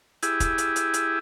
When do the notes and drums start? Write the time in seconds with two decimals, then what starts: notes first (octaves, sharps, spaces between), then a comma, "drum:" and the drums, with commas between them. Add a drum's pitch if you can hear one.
0.23 E4 G4 G#4, drum: hi-hat
0.40 drum: kick, hi-hat
0.58 drum: hi-hat
0.76 drum: hi-hat
0.94 drum: hi-hat